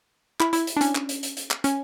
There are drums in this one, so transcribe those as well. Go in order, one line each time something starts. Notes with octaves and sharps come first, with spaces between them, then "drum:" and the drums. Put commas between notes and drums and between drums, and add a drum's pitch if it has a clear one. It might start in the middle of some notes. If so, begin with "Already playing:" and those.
E4, drum: clap
E4, drum: hi-hat
drum: hi-hat
D4
C#4, drum: hi-hat
drum: clap
drum: hi-hat
drum: hi-hat
drum: hi-hat
drum: clap
C#4, drum: hi-hat